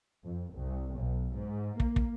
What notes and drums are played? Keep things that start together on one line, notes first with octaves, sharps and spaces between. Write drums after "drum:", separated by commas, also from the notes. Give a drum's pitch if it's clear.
F2
C2
B1
G#2
A#3, drum: kick
drum: kick